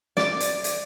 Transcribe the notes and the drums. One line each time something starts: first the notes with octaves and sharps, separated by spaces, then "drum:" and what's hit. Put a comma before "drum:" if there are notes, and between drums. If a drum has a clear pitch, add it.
D5, drum: snare
drum: hi-hat
drum: hi-hat